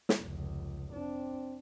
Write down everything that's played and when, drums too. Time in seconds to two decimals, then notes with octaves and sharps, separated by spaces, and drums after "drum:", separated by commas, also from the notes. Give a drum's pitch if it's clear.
0.09 drum: snare
0.21 F1 C#2
0.92 C4 D4